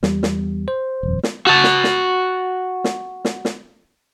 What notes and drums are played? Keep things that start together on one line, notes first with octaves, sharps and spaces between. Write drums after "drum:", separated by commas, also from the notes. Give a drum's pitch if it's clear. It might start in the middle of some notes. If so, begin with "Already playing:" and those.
E2 G3, drum: snare
drum: snare
C5
D#1 F2
drum: snare
F#4 A5
drum: snare
drum: snare
drum: snare
drum: snare
drum: snare